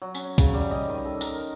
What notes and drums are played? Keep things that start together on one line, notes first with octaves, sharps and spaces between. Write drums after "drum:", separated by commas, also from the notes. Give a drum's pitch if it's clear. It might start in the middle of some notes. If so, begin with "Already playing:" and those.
F#3
C#4, drum: tambourine
C#3, drum: kick B1, tambourine
G3
D#5
D#3
A4
A#4, drum: tambourine